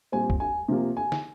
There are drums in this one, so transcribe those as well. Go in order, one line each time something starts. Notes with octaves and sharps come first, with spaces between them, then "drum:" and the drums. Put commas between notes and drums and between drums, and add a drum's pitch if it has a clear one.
A#2 G3 C4 G#5
drum: kick B1
G#5
C3 F3 A#3
G#5
drum: snare